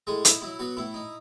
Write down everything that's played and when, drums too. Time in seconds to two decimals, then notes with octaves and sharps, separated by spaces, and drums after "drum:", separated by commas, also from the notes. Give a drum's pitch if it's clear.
0.07 A2 G#3 G#4
0.25 D#4 E4, drum: hi-hat
0.41 F#3 E4
0.59 F#3 B3 F#4
0.77 A2 E4
0.94 D#4